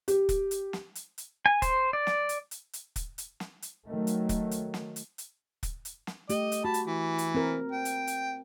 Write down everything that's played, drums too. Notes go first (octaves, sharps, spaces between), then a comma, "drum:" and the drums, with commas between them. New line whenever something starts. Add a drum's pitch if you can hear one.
G4, drum: hi-hat
drum: kick, hi-hat
drum: hi-hat
drum: snare
drum: hi-hat
drum: hi-hat
G#5
C5, drum: kick, hi-hat
D5
drum: snare
drum: hi-hat
drum: hi-hat
drum: hi-hat
drum: kick, hi-hat
drum: hi-hat
drum: snare
drum: hi-hat
D#3 F#3 A3
drum: hi-hat
drum: kick, hi-hat
drum: hi-hat
drum: snare
drum: hi-hat
drum: hi-hat
drum: kick, hi-hat
drum: hi-hat
drum: snare
A3 G4 D#5, drum: hi-hat
drum: hi-hat
F#4 A5 B5
drum: hi-hat
E3
drum: hi-hat
C4 A#4
G5
drum: hi-hat
drum: hi-hat